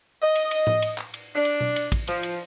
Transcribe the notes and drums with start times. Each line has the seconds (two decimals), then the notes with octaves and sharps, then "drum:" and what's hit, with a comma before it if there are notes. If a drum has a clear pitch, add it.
0.22 D#5
0.35 drum: cymbal
0.51 drum: cymbal
0.67 drum: tom A2
0.82 drum: cymbal
0.98 drum: clap
1.14 drum: cymbal
1.36 D4
1.45 drum: cymbal
1.61 drum: tom B2
1.76 drum: cymbal
1.92 drum: kick, cymbal
2.07 F3, drum: cymbal
2.23 drum: cymbal